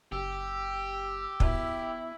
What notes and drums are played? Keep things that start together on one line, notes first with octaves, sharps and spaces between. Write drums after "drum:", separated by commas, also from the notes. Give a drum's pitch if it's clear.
F#1 G4 E6
B2 E4, drum: kick